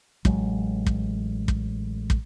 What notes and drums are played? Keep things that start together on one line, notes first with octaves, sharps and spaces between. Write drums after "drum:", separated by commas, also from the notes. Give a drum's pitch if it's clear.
A1 F#3 G#3, drum: kick
drum: kick
drum: kick
drum: kick